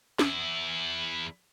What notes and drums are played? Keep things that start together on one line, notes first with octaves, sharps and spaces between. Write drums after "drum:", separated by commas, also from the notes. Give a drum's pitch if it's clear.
E2 E4, drum: snare